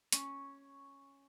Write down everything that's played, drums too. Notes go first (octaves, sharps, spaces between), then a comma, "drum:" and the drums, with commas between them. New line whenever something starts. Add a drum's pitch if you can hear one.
C#4, drum: hi-hat